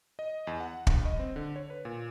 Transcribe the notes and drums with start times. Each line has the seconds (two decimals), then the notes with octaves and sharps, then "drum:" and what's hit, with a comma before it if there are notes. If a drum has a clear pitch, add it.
0.19 D#5
0.47 E2
0.60 F#5
0.87 G2, drum: kick
1.05 D#5
1.19 C4
1.36 D3
1.56 C#5
1.70 B4
1.85 A#2